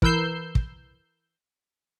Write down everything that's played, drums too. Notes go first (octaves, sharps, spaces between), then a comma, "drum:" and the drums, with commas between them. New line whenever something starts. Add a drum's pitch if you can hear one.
E3 A#4 B4 E6 G6 C7, drum: kick
drum: kick